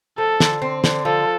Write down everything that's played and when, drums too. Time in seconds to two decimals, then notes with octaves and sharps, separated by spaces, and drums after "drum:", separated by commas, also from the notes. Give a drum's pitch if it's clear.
0.18 F3 A4
0.40 D3, drum: snare
0.62 C4
0.84 D3, drum: snare
1.05 F3 A4